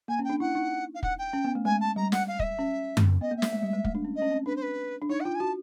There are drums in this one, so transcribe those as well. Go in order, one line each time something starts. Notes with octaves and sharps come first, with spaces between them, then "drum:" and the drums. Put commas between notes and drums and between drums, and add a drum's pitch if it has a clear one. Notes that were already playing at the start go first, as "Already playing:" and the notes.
A#3 G#5
C#4
G5
D4
E4 F#5
D#4
F5
F#5, drum: kick
G5
C#4
B3
A3
G#3 G#5
A5
G3 A#5
F#5, drum: snare
F5
D#5, drum: kick
E5
C#4
drum: tom F#2
B3 D#5
A#3
E5
A3, drum: snare
G#3
G3
G#3
A3, drum: kick
D4
C#4
D#5
C#4
C4
D4 B4
C5
B4
D4
D#4 C#5
F#5
F4 G5
G#5
F#4 A5